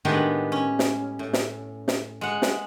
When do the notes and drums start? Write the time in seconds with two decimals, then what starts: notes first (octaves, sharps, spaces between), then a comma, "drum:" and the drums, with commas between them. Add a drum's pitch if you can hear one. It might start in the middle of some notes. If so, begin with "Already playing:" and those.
0.05 A2 D#3 G#3 B3 D4 G4
0.52 C#4
0.79 drum: snare
1.19 A2
1.33 drum: snare
1.88 drum: snare
2.21 G#3 F#5
2.42 drum: snare